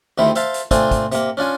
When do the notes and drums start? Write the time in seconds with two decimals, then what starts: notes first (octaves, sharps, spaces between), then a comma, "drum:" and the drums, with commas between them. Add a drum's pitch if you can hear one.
0.18 D2 C3 D#3 A3 E4 C5
0.35 C5 E5 F5 A5, drum: hi-hat
0.54 drum: hi-hat
0.71 A3 C4 D4 F4 C5 G#5, drum: kick, hi-hat
0.91 drum: kick, hi-hat
1.12 C3 A#3, drum: hi-hat
1.37 C#4 D4 F4 G#5